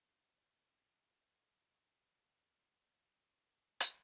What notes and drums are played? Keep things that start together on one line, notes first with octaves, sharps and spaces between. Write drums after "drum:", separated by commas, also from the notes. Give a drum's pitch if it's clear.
A5
B4
B3 C5
E4 G4 B4
B4
B3 C5
E4 G4 E5
B3 E5
F5
E4 G4 G5
F5
C4 E5
drum: hi-hat